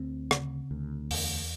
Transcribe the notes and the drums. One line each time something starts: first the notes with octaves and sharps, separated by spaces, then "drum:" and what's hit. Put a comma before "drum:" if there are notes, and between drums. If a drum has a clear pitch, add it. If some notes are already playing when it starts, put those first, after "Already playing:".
Already playing: D2 C4
C#3, drum: rim click
D2
E2, drum: open hi-hat